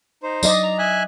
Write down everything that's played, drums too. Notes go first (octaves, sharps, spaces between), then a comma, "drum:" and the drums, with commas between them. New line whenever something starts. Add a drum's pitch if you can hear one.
D#4 C5
F#3 D5 D#5, drum: tambourine
A#5
E5 G#5 F#6